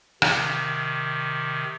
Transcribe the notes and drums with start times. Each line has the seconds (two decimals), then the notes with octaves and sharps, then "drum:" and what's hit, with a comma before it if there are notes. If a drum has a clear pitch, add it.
0.22 C3 D#3, drum: rim click